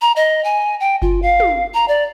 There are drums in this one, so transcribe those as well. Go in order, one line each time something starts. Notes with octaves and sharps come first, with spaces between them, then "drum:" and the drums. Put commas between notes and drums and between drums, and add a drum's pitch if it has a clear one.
A#5
D#5
G#5
G5
F4, drum: kick F#1
F5
drum: tom
A#5
D5